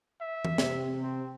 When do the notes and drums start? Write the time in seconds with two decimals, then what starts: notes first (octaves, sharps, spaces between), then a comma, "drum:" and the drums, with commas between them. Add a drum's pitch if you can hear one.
0.21 E5
0.45 drum: tom E3
0.58 C3, drum: snare
1.03 C4